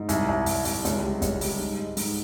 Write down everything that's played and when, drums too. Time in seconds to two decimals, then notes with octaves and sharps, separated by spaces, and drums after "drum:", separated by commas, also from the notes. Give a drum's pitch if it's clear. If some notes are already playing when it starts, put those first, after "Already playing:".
Already playing: G#2
0.09 C2, drum: hi-hat
0.29 C2
0.46 C2, drum: open hi-hat
0.65 C2, drum: open hi-hat
0.85 C#2, drum: hi-hat
1.03 G3
1.22 C#2, drum: kick, hi-hat
1.41 G3, drum: open hi-hat
1.59 G#2
1.79 G#3
1.97 G#2, drum: open hi-hat